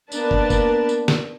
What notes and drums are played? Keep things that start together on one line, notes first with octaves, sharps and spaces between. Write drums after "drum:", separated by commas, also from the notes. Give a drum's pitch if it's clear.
A#3 B3 D4 A#4 B4 A5, drum: tambourine
drum: kick
drum: kick, tambourine
drum: tambourine
drum: snare